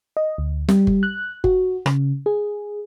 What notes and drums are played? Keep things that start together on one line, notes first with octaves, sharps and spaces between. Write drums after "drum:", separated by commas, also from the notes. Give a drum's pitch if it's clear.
D#5
D2
G3, drum: snare
drum: kick G1
F#6
F#4, drum: kick G1
C#3, drum: rim click
G#4